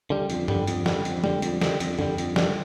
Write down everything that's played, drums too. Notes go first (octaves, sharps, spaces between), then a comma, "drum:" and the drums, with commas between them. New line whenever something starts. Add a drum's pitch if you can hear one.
D3 G3
F2, drum: hi-hat
D3 G3, drum: tom
F2, drum: hi-hat
D3 G3, drum: snare
F2, drum: hi-hat
D3 G3, drum: tom G3
F2, drum: hi-hat
D3 G3, drum: snare
F2, drum: hi-hat
D3 G3, drum: tom
F2, drum: hi-hat
D3 G3, drum: snare